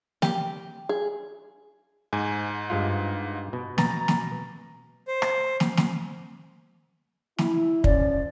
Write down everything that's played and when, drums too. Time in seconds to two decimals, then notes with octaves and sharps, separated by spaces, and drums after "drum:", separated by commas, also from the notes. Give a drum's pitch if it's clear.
0.22 G4, drum: snare
0.89 G#4
2.13 G#2 G#5
2.70 G2 G#3 F4
3.53 B2
3.78 B2 A#5 A6, drum: snare
4.08 drum: snare
5.08 C5
5.22 drum: rim click
5.60 drum: snare
5.77 drum: snare
7.38 E4, drum: snare
7.84 F3 C#4 D5, drum: kick